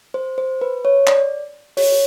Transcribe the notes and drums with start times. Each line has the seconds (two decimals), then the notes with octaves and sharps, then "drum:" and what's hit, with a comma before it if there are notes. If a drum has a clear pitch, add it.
0.14 C5
0.38 C5
0.61 B4
0.85 C#5
1.07 D5, drum: clap
1.77 C#5, drum: open hi-hat